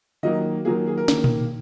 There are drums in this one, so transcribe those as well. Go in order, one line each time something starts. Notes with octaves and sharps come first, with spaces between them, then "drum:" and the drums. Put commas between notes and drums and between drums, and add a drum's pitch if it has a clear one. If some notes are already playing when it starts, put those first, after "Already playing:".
D#3 F#3 A#3 D#5
D#3 F#3 A#3 G#4
G#4
A#4
D#3 A#3, drum: snare
drum: tom A#2